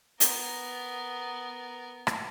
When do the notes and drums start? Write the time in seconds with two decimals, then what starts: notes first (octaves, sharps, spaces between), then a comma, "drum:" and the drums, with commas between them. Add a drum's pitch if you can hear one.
0.20 B3 A#4, drum: hi-hat
2.07 drum: rim click